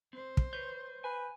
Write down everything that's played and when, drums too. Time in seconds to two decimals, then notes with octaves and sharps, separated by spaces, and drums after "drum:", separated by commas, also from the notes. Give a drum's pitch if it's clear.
0.13 C4 C5
0.37 drum: kick
0.53 B4 C#5 G6
1.04 B4 G#5